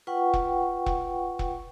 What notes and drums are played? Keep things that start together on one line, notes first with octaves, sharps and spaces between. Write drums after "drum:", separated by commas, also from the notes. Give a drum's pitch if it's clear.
F4 B4 F#5 G5 C#6
drum: kick E1
drum: kick E1
drum: kick E1